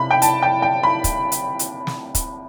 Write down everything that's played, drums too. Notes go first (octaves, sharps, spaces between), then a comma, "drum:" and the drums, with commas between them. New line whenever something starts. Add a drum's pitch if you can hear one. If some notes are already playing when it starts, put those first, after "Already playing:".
Already playing: C3 B5
G5
A5, drum: hi-hat
G5
G5
B5
drum: kick, hi-hat
drum: hi-hat
drum: hi-hat
drum: snare
drum: kick, hi-hat